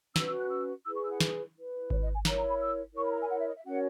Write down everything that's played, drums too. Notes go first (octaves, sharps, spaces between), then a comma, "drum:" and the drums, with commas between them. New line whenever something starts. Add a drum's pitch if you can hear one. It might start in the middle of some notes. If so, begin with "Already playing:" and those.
C#4 F#4 B4 E6, drum: snare
E6
F#6
E6
E4 G#4 B4 E6
C#6
E6
F#5
drum: snare
E4 B4
C#5, drum: kick G#1
D#5
G#5
E4 A#4 C#5 A#5, drum: snare
A#5
B5
E6
E4 A#4 C#5 C#6
B5
A#5
G#5
F#5
E5
D#5
E5
C#4 F#4 A#4 C#5 F#5